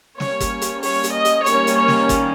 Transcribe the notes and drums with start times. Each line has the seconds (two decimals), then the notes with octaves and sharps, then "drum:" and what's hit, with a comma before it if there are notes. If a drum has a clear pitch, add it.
0.20 G3 A#3 C#4 C#5, drum: snare
0.40 drum: kick, hi-hat
0.62 drum: hi-hat
0.83 C#5, drum: open hi-hat
1.04 drum: hi-hat
1.14 D#5
1.25 drum: hi-hat
1.46 D#3 G3 A#3 C#4 C#5, drum: hi-hat
1.67 drum: hi-hat
1.78 C#5
1.88 drum: snare
2.09 drum: kick, hi-hat